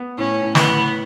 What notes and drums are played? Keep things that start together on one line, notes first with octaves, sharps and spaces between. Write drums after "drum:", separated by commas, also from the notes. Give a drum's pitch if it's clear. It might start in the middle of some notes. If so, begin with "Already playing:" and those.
Already playing: B3
A2 C#4
A2
B3, drum: snare
A2